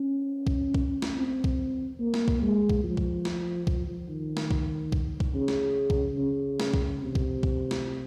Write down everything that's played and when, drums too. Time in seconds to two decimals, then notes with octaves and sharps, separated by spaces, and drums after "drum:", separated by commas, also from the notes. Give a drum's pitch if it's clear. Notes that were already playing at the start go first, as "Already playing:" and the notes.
Already playing: C#4
0.47 drum: kick
0.74 drum: kick
1.02 drum: snare
1.16 C4
1.44 drum: kick
2.00 A#3
2.14 drum: snare
2.28 drum: kick
2.42 G#3
2.70 drum: kick
2.83 F3
2.97 drum: kick
3.25 drum: snare
3.67 drum: kick
4.09 D#3
4.37 drum: snare
4.51 drum: kick
4.92 drum: kick
5.20 drum: kick
5.35 C#3
5.48 drum: snare
5.90 drum: kick
6.18 C#3
6.60 drum: snare
6.74 drum: kick
7.01 C3
7.15 drum: kick
7.43 drum: kick
7.71 drum: snare